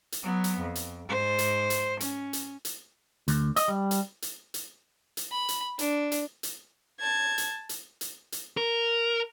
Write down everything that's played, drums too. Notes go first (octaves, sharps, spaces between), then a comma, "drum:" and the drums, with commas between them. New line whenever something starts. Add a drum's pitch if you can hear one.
drum: hi-hat
F#3 B3
drum: hi-hat
F2
drum: hi-hat
G#2 C5
drum: hi-hat
drum: hi-hat
C#4, drum: hi-hat
drum: hi-hat
drum: hi-hat
D2, drum: hi-hat
D#5, drum: hi-hat
G3
drum: hi-hat
drum: hi-hat
drum: hi-hat
drum: hi-hat
B5
drum: hi-hat
D4, drum: hi-hat
drum: hi-hat
drum: hi-hat
A5 G#6
drum: hi-hat
drum: hi-hat
drum: hi-hat
drum: hi-hat
A#4